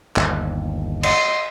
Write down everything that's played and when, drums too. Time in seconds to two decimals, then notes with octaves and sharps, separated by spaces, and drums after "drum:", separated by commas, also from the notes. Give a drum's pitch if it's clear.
0.16 G1 D#2, drum: clap
1.03 D#5 C6, drum: cymbal